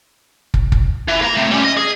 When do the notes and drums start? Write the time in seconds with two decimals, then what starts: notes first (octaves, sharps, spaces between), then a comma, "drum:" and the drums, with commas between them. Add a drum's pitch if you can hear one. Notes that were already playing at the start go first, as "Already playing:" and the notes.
0.54 drum: kick
0.72 drum: kick
1.08 E3
1.22 A#3 A#5
1.37 A3 C4
1.51 G3 C#4
1.64 D#5
1.77 G#4